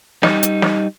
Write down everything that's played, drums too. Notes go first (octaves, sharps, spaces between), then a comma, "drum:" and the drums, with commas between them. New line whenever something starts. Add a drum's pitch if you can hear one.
G3 D#4, drum: snare
drum: hi-hat
drum: snare